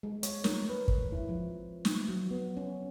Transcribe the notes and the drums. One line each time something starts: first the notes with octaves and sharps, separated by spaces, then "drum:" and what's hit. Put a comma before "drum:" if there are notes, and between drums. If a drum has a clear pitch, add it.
G#3
C#5, drum: hi-hat
A#4, drum: snare
B4
drum: kick
E4
F3
drum: snare
F#3
B3
C#4